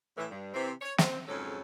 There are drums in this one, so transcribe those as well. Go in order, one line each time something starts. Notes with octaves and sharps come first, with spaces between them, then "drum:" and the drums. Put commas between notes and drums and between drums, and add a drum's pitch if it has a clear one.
A2 E3
G2
C3 E3 C4
C#5
C4, drum: snare
F2 G#2 C#3 F#3 C#4 A4